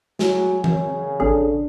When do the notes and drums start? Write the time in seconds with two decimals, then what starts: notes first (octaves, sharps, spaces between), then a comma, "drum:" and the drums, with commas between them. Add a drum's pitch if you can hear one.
0.19 F#3 F#4 G#4, drum: snare
0.64 F#2 C#3, drum: tom E3
1.20 G#1 C#4 D4 G#4 A4